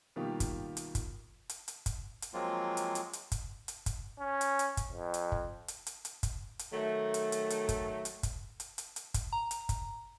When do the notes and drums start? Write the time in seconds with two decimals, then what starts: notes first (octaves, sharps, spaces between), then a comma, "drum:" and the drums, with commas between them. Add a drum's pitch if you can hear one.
0.16 B2 D#3 G3 A#3 F4 G4
0.40 drum: kick, hi-hat
0.77 drum: hi-hat
0.95 drum: kick, hi-hat
1.49 drum: hi-hat
1.68 drum: hi-hat
1.86 drum: kick, hi-hat
2.22 drum: hi-hat
2.34 F3 F#3 G#3 A#3 C4 F4
2.77 drum: hi-hat
2.95 drum: hi-hat
3.13 drum: hi-hat
3.32 drum: kick, hi-hat
3.68 drum: hi-hat
3.86 drum: kick, hi-hat
4.19 C#4
4.41 drum: hi-hat
4.59 drum: hi-hat
4.77 drum: kick, hi-hat
4.91 F2
5.14 drum: hi-hat
5.32 drum: kick
5.68 drum: hi-hat
5.87 drum: hi-hat
6.05 drum: hi-hat
6.23 drum: kick, hi-hat
6.59 drum: hi-hat
6.73 D#3 F#3 A3
7.14 drum: hi-hat
7.32 drum: hi-hat
7.50 drum: hi-hat
7.69 drum: kick, hi-hat
8.05 drum: hi-hat
8.23 drum: kick, hi-hat
8.60 drum: hi-hat
8.78 drum: hi-hat
8.96 drum: hi-hat
9.14 drum: kick, hi-hat
9.33 A#5
9.51 drum: hi-hat
9.69 drum: kick, hi-hat